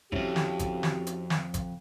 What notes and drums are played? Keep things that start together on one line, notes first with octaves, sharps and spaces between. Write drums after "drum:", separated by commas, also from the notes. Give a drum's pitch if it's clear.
F2 G#2 C4 C#4 E4 F#4 G4, drum: kick G#1
drum: snare
drum: kick G#1, hi-hat
drum: snare
drum: hi-hat
drum: snare
drum: kick G#1, hi-hat